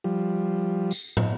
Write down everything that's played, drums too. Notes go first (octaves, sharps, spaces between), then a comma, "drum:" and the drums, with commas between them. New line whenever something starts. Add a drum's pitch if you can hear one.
F3 G3
drum: tambourine
drum: tom